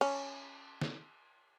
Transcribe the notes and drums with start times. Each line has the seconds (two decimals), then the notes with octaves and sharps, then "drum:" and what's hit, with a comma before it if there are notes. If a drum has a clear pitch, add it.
0.01 C#4, drum: cymbal
0.82 drum: snare